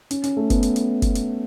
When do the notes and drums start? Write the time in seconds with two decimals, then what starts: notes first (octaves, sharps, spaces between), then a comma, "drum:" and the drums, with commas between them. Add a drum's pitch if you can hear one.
0.11 C#4, drum: hi-hat
0.24 C#4, drum: hi-hat
0.37 A3
0.50 B3, drum: kick F#1, hi-hat
0.63 drum: hi-hat
0.76 drum: hi-hat
1.02 drum: kick F#1, hi-hat
1.15 drum: hi-hat